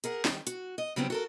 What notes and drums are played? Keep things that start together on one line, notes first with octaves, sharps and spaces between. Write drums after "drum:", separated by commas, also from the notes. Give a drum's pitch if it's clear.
G#4 A#4 F#5, drum: hi-hat
D#3 G3, drum: snare
F#4, drum: hi-hat
D#5
C#3 F#3 G3 B3 C4 D4
F#4 A4 A#4